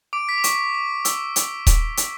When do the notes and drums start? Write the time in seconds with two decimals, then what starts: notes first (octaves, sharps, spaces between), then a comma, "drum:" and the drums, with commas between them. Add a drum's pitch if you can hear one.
0.13 D6 D7
0.29 B6
0.38 D6
0.44 C#6, drum: hi-hat
0.74 D6
1.05 E6, drum: hi-hat
1.36 drum: hi-hat
1.67 drum: kick D#1, hi-hat
1.97 drum: hi-hat